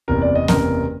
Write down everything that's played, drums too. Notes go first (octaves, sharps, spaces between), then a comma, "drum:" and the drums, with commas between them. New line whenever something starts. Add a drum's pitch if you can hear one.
F#1 E2 C3 A#4
D5
D#5
F#1 E2 C3 A#4, drum: snare B3